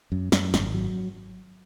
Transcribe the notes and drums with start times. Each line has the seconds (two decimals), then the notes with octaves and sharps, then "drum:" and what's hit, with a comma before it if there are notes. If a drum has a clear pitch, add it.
0.12 F#2
0.32 F#2, drum: snare
0.54 G#1, drum: snare
0.74 F#3